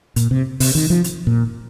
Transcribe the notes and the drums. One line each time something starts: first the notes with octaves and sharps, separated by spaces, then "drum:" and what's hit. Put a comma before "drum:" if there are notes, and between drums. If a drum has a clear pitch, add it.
A#2, drum: hi-hat
C3
C3, drum: open hi-hat
D#3
F3
drum: hi-hat
A#2